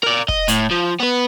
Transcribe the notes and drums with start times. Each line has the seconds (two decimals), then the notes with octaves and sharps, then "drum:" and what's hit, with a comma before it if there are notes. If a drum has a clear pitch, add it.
0.03 A#4 D5
0.28 D#5, drum: kick
0.48 A2, drum: hi-hat
0.71 F3
1.00 B3 B4